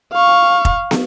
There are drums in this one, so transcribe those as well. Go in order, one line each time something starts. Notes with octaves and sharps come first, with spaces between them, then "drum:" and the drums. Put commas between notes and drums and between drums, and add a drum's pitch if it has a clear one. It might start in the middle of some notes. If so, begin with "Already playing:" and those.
F5 C#6
drum: kick F1
drum: snare